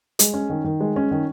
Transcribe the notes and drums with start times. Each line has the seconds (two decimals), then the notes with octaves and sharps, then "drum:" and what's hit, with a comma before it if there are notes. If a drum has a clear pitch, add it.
0.19 G#3, drum: hi-hat
0.34 C#4
0.50 D#3
0.64 D#3
0.81 G#3
0.96 C#4
1.11 D#3